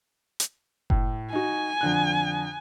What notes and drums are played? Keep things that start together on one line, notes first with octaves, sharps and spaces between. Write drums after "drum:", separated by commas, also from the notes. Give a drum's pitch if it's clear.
drum: hi-hat
A2, drum: kick F#1
D#4 F#4 G#5
F2 D3 F#6